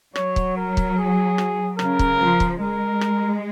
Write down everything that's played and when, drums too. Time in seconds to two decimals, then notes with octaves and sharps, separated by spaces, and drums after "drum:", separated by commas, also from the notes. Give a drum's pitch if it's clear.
0.16 F#3 C#5, drum: rim click
0.36 drum: kick
0.57 A#4
0.77 drum: kick
0.98 G#4
1.38 drum: rim click
1.79 C#3 A#4, drum: rim click
1.99 drum: kick
2.20 F3
2.40 drum: kick
2.60 G#3 A#4
3.01 drum: rim click